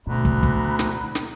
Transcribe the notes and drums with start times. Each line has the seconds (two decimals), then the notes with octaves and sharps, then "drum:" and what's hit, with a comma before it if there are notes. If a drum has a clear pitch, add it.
0.07 D2 B2 A#5 B5 F#6
0.25 drum: kick
0.43 drum: kick
0.79 drum: snare
1.15 drum: snare